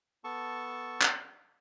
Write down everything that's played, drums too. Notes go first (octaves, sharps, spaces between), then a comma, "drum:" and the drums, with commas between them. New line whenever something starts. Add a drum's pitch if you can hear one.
B3 A4 A5 C#6
drum: clap